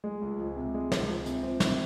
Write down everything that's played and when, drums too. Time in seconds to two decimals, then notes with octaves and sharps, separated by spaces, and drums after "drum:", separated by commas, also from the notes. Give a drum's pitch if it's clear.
0.04 G#3
0.22 C#2
0.39 F3
0.56 C3
0.74 G#3
0.92 C#2, drum: snare
1.09 F3
1.26 C3, drum: hi-hat
1.43 C4
1.60 C3, drum: snare